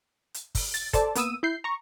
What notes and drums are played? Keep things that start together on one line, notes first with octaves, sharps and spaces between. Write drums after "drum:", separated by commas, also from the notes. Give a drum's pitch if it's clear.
drum: hi-hat
drum: kick, open hi-hat
A6, drum: hi-hat
A4 C5 D5 A5, drum: kick, hi-hat
A#3 B3 D#6 E6 D#7, drum: hi-hat
E4 G6 C7
A#5 C#6